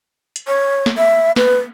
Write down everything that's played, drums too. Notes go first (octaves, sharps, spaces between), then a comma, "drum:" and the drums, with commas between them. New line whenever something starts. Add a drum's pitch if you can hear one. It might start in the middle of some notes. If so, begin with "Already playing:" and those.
drum: hi-hat
C#5
drum: snare
E5
B4, drum: snare